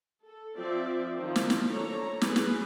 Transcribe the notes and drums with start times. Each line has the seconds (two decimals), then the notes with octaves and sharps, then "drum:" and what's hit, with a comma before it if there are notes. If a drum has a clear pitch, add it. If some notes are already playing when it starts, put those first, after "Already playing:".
0.22 A4
0.56 F3 C4 D5 E5
1.17 D#3 F3 C4
1.36 drum: snare
1.50 drum: snare
1.70 D4 A4 C#5 A#5
2.21 G#4 B4, drum: snare
2.36 drum: snare